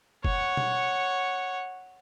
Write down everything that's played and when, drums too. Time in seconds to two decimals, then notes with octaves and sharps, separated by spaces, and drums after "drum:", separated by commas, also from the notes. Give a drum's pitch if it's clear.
0.25 C#5 F#5, drum: kick
0.57 drum: tom B2